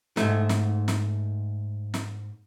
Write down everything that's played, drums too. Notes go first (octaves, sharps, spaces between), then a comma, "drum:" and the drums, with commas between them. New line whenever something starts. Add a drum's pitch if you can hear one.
G#2 A3, drum: snare
drum: snare
drum: snare
drum: snare